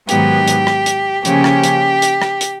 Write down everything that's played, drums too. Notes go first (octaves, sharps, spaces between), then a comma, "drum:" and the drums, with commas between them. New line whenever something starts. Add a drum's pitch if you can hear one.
G#2 D#3 F#3 B3 G4, drum: hi-hat
drum: hi-hat
drum: rim click
drum: hi-hat
C#3 F3 A#3 C#4 G4, drum: hi-hat
drum: rim click
drum: hi-hat
drum: hi-hat
drum: rim click
drum: hi-hat